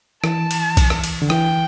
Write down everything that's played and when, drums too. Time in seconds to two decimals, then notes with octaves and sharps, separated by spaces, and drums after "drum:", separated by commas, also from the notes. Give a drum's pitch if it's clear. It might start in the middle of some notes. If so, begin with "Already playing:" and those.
0.24 E3 A5, drum: rim click
0.51 drum: cymbal
0.77 drum: kick B1, cymbal
0.90 drum: rim click
1.04 drum: cymbal
1.22 D3
1.30 E3 G5, drum: rim click